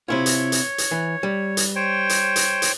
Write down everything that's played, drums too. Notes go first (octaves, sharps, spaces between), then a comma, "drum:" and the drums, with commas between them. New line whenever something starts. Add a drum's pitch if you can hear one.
C3 E4 F4 C#5
drum: hi-hat
drum: hi-hat
drum: hi-hat
E3
G3
drum: hi-hat
C5 C#5 G5
drum: hi-hat
drum: hi-hat
drum: hi-hat